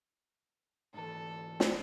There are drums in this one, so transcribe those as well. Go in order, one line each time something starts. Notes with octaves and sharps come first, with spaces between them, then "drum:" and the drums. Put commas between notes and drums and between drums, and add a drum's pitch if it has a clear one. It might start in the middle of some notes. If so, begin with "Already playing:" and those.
G#2 E3 A4
drum: snare